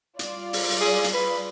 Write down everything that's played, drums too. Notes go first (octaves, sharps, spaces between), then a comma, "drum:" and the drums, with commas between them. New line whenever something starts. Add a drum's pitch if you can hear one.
G3 F4 D5, drum: hi-hat
drum: open hi-hat
drum: open hi-hat
G#4
drum: hi-hat
B4